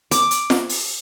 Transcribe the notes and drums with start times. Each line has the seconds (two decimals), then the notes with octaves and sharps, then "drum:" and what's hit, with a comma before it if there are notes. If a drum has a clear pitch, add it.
0.11 D6, drum: hi-hat
0.31 drum: hi-hat
0.50 drum: snare F4
0.69 drum: open hi-hat